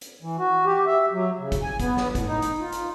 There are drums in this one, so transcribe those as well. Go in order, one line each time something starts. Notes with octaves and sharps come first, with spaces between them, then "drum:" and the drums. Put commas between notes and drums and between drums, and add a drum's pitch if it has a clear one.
drum: hi-hat
E3
F#4
G4
E5
F#3
C#3
drum: kick, hi-hat
G#5
B3, drum: kick, hi-hat
drum: snare
A2, drum: kick, hi-hat
D#4
drum: hi-hat
F4
drum: hi-hat